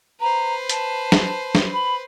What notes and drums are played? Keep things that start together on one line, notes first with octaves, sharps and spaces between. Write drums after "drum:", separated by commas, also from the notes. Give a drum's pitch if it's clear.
B4 C5 A#5
A5, drum: hi-hat
drum: snare
drum: snare
B5